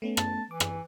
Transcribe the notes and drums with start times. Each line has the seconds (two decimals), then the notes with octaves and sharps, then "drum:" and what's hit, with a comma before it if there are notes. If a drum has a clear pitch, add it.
0.02 A3 B3 C#4
0.17 A5, drum: rim click
0.51 E3 D6
0.60 drum: rim click